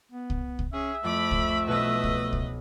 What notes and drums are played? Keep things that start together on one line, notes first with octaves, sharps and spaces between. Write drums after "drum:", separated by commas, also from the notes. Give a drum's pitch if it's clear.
B3
drum: kick C2
drum: kick C2
C#4 G#4 E5
F2 A3 B5 D6
drum: kick C2
B1 B2 B4 D#5
drum: kick C2
drum: kick C2